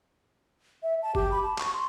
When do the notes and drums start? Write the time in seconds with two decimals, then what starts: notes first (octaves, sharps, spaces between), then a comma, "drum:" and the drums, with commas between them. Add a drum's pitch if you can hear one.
0.83 E5
1.02 A5
1.15 G4, drum: kick
1.31 B5
1.43 A5
1.58 C#6, drum: clap
1.73 C6